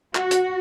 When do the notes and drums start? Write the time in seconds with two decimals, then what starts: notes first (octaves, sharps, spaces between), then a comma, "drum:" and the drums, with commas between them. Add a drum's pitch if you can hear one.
0.15 F#4, drum: clap
0.31 drum: hi-hat